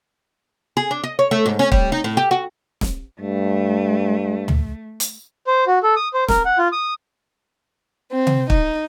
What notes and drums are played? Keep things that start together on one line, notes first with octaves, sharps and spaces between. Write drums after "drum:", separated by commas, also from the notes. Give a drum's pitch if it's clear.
G#4
D4
D#5
C#5
A3
G#2
C#4
G3, drum: kick
D#4
A2
G4
F#4
drum: snare
G2 A3
drum: tom
drum: hi-hat
C5
F#4
A4
D#6
C5
A#4, drum: snare
F#5
F4
D#6
C4
drum: tom C3
D#4, drum: kick